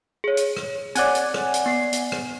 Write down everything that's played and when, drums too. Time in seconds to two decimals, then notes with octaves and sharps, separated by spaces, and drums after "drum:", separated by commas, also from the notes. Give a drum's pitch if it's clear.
0.24 G#4 C#5
0.37 drum: hi-hat
0.57 drum: rim click
0.95 C4 C#5 D5 F#5 G#5, drum: hi-hat
1.15 drum: hi-hat
1.34 drum: rim click
1.54 drum: hi-hat
1.66 B3 C7
1.93 drum: hi-hat
2.12 drum: rim click